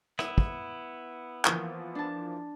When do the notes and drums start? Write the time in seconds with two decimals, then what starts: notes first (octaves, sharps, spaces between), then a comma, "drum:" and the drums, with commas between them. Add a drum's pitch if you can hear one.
0.19 B3 E4, drum: rim click
0.38 drum: kick
1.45 E3 F3 A#3, drum: clap
1.95 D4 A5